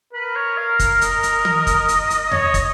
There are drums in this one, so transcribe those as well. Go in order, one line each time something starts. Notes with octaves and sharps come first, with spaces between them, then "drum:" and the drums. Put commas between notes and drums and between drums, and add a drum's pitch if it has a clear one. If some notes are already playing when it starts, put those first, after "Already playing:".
A#4 B4
C#5
F5
drum: kick, hi-hat
D#5, drum: hi-hat
drum: hi-hat
drum: tom
drum: kick, hi-hat
drum: hi-hat
drum: hi-hat
C#5, drum: tom E2
drum: kick, hi-hat